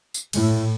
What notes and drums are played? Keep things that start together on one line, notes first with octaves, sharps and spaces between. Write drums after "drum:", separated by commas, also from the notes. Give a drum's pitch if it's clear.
drum: tambourine
A2, drum: cymbal